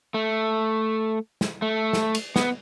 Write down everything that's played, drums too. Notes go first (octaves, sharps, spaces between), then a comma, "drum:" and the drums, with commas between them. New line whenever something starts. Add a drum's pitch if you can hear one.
A3
drum: snare
A3
drum: snare
drum: cymbal
B3, drum: snare